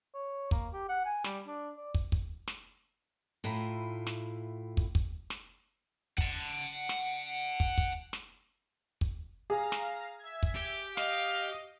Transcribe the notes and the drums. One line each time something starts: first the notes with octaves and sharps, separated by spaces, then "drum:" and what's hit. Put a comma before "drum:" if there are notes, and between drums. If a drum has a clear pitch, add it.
C#5
A#3, drum: kick
G4
F#5
G#5
G3, drum: snare
D4
D5
drum: kick
drum: kick
drum: snare
A2 E4 F4 A#5
drum: snare
drum: kick
drum: kick
drum: snare
F#5 A5, drum: kick
drum: snare
drum: kick
drum: kick
drum: snare
drum: kick
G#4 F5 A#5
drum: snare
E5 G#6
drum: kick
G4
D#5 F5, drum: snare